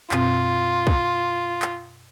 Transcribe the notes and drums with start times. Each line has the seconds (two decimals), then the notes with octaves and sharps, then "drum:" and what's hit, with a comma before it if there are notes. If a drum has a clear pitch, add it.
0.11 F#2 B2 C4 F4, drum: clap
0.87 drum: kick
1.62 drum: clap